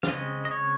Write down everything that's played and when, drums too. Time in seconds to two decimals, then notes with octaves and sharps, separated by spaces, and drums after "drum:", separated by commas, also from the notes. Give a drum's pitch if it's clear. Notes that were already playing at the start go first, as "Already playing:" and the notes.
0.03 F5, drum: snare
0.07 C#3 G#3 C4 D#5
0.45 D#5
0.51 C#5